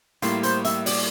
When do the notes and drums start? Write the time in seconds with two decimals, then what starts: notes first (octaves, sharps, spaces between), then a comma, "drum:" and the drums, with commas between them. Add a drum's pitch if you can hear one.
0.22 A2 G3 A#3 E4 F4, drum: hi-hat
0.43 C5, drum: hi-hat
0.65 E5, drum: hi-hat
0.86 D5, drum: open hi-hat